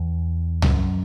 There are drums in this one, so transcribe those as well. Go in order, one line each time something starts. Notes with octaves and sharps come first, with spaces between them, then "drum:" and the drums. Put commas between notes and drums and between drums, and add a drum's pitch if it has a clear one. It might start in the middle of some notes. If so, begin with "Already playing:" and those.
Already playing: E2
F#2, drum: tom